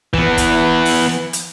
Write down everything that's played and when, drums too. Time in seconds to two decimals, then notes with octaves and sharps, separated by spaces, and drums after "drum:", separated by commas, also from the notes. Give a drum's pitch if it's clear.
0.14 E3 B3, drum: kick
0.38 drum: kick, hi-hat
0.85 drum: open hi-hat
1.09 drum: rim click
1.33 drum: hi-hat